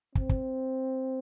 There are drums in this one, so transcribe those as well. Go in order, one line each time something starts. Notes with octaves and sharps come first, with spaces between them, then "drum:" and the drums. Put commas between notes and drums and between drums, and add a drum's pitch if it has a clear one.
C4, drum: kick
drum: kick